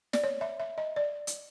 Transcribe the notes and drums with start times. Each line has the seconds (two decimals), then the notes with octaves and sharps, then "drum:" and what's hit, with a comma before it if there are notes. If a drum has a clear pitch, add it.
0.13 D5, drum: snare
0.24 C#5
0.41 E5
0.60 E5
0.78 D#5
0.96 D5
1.27 drum: hi-hat